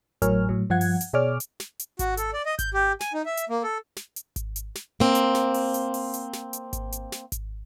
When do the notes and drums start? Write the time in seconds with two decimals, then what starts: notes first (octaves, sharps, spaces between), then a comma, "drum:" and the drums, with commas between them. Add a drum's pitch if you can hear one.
0.22 A2 F#3 A#4 C#5 G#5 F6, drum: kick G#1, hi-hat
0.49 A2 F#3
0.70 G2 F3 F4 F#5 G#6
0.81 drum: open hi-hat
1.01 drum: hi-hat
1.13 B2 G#4 C#5 D5 D6 F6
1.40 drum: hi-hat
1.60 drum: snare
1.79 drum: hi-hat
1.99 F#4, drum: kick G#1, hi-hat
2.17 A4, drum: hi-hat
2.33 D5
2.46 D#5
2.59 G6, drum: kick G#1, hi-hat
2.74 G4
3.00 G#5, drum: snare
3.13 D#4
3.26 E5
3.37 drum: hi-hat
3.49 A#3
3.63 A4
3.96 drum: snare
4.16 drum: hi-hat
4.36 drum: kick G#1, hi-hat
4.56 drum: hi-hat
4.75 drum: snare
5.00 A#3 C4
5.15 drum: hi-hat
5.35 drum: snare
5.54 drum: open hi-hat
5.74 drum: hi-hat
5.94 drum: open hi-hat
6.14 drum: hi-hat
6.33 drum: snare
6.53 drum: hi-hat
6.73 drum: kick G#1, hi-hat
6.92 drum: hi-hat
7.12 drum: snare
7.32 drum: kick G#1, hi-hat